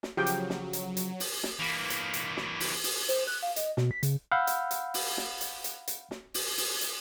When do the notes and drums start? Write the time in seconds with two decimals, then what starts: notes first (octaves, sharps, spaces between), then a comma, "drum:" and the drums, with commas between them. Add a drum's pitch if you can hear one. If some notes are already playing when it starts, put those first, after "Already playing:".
0.03 drum: snare
0.17 C#3 F3 F#3 G4 G5
0.26 drum: hi-hat
0.50 drum: snare
0.73 drum: hi-hat
0.97 drum: hi-hat
1.20 drum: open hi-hat
1.43 drum: snare
1.60 E3 A#3
1.90 drum: hi-hat
2.13 drum: hi-hat
2.37 drum: snare
2.60 drum: open hi-hat
2.84 drum: open hi-hat
3.08 C5, drum: hi-hat
3.27 F#6
3.42 F5
3.56 D#5, drum: hi-hat
3.77 B2, drum: snare
3.91 B6
4.03 C#3, drum: hi-hat
4.32 F5 F#5 B5 E6 F6 G6
4.47 drum: hi-hat
4.71 drum: hi-hat
4.94 drum: open hi-hat
5.17 drum: snare
5.41 drum: hi-hat
5.64 drum: hi-hat
5.88 drum: hi-hat
6.11 drum: snare
6.34 drum: open hi-hat
6.58 drum: open hi-hat
6.81 drum: hi-hat